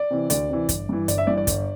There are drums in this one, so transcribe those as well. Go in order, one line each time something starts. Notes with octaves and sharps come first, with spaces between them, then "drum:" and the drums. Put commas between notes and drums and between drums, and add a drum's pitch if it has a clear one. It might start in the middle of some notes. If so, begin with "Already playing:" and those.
Already playing: D5
C3 E3
D2 D5, drum: hi-hat
C3 E3
G1, drum: kick, hi-hat
G2 E3
G1 D5, drum: hi-hat
E5
G2 E3 D5
D5
G1, drum: kick, hi-hat